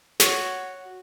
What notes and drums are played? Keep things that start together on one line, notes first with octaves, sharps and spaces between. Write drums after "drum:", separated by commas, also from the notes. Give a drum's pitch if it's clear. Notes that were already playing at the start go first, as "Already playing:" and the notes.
F#4 C#5, drum: snare